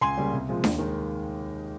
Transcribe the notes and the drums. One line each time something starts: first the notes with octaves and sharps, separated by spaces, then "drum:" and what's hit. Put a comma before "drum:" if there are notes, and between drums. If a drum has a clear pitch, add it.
C#2 G#5 C6
C#3 G3 A#3
C2
A#2 F3 G#3
D#2, drum: snare D4
D#3 G#3